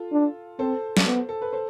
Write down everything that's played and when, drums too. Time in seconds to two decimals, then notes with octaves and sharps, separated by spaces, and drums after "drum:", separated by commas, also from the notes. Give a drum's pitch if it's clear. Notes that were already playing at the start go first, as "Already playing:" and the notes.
Already playing: F4 A4
0.12 D4
0.59 C4 A4 C5
0.97 drum: snare
1.06 B3
1.29 A4
1.42 B4
1.53 A4 C5